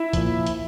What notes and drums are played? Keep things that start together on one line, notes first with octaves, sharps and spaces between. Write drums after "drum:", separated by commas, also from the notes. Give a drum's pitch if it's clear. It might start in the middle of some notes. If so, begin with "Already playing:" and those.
Already playing: E4 E5
A#2 F3, drum: kick C2, hi-hat
drum: hi-hat